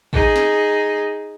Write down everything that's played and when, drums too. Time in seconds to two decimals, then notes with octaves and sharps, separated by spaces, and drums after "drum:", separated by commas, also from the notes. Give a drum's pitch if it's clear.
0.13 D#4 G#4, drum: kick
0.36 drum: snare